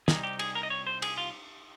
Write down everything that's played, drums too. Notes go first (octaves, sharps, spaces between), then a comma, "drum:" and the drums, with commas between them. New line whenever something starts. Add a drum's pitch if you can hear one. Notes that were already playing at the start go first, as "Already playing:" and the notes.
C2 C3 G3 C4 D#4 G#4, drum: snare
G4
G#4, drum: cymbal
A#4
D#5
C#5
C5
G#4, drum: cymbal
F4